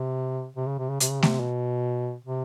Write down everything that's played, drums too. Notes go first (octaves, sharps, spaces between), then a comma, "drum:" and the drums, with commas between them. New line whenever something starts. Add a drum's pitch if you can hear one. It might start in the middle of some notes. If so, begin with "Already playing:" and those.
Already playing: C3
C3
C#3
C3
C#3
C3, drum: hi-hat
C#3
C3, drum: snare A3
B2
C3